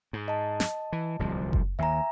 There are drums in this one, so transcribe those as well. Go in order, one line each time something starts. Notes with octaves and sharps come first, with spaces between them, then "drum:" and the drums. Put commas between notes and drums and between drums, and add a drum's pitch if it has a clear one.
G#2
D#5 A5
drum: snare
E3
D1 C2 F3
drum: kick F#1
D#2 E5 G#5 A#5